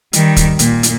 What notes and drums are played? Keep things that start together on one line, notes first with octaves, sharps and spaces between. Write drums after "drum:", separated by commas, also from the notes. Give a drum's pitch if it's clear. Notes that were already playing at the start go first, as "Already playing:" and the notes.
D#3 G3, drum: hi-hat
drum: kick, hi-hat
A#2, drum: hi-hat
drum: hi-hat